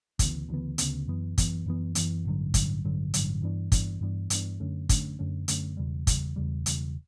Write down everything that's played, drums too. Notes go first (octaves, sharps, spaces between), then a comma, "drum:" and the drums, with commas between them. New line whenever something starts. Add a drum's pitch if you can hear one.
D2 C#3 E3 B3, drum: kick, hi-hat
D2 C#3 E3 B3
D2 C#3 E3 B3, drum: hi-hat
F#2 E3 B3
F#2 E3 B3, drum: kick, hi-hat
F#2 E3 B3
F#2 E3 B3, drum: hi-hat
A1 G2 D3 F#3
A1 G2 D3 F#3, drum: kick, hi-hat
A1 G2 D3 F#3
A1 G2 D3 F#3, drum: hi-hat
G2 E3 B3 D4
G2 E3 B3 D4, drum: kick, hi-hat
G2 E3 B3 D4
G2 E3 B3 D4, drum: hi-hat
F#2 D3 A3 C#4
F#2 D3 A3 C#4, drum: kick, hi-hat
F#2 D3 A3 C#4
F#2 D3 A3 C#4, drum: hi-hat
E1 E2 C#3 G3
E1 E2 C#3 G3, drum: kick, hi-hat
E1 E2 C#3 G3
E1 E2 C#3 G3, drum: hi-hat